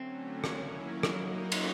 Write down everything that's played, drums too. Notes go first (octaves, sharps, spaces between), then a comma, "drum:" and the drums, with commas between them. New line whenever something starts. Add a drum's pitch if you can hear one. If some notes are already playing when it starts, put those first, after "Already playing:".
Already playing: D3 F#3 A3 C4 C#4
D#3 F#3 A#3 C#4 E4, drum: rim click
F#3 A#3 D#4 F#4 A#4 D#5, drum: rim click
drum: cymbal